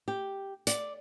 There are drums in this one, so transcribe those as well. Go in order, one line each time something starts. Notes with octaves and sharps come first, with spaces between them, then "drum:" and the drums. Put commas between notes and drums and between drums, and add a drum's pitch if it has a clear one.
G4
D5, drum: hi-hat